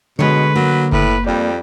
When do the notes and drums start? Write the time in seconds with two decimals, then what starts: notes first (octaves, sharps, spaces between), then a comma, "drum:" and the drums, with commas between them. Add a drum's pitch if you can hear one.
0.19 B2 D3 G#3 B4 C#5
0.55 F#3 A#3
0.92 A2 B4, drum: kick F#1
1.27 F2 G3 D5